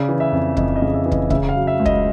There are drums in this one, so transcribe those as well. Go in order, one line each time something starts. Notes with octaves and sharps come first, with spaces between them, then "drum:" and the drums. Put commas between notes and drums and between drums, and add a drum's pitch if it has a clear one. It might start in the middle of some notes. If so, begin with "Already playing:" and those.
Already playing: C#3 D5
E3
E5
F2
F2 D#5, drum: kick
D#5
C#3
E5
E3
D#5, drum: kick
C#3 E5, drum: kick
F5
F#3
E5
C#2
D#5, drum: kick